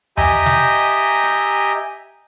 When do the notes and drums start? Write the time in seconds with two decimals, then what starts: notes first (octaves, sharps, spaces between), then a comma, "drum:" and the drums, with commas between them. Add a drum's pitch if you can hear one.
0.17 G4 D#5 E5 G#5 A#5 G6, drum: tom E2
0.46 drum: snare
1.23 drum: hi-hat